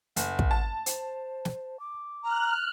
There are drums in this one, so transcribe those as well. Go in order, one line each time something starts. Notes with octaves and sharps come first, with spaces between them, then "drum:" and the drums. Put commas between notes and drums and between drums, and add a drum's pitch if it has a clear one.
F#1 F#5, drum: hi-hat
drum: kick
A5
C5, drum: hi-hat
drum: snare
D6
A#5 F6 F#6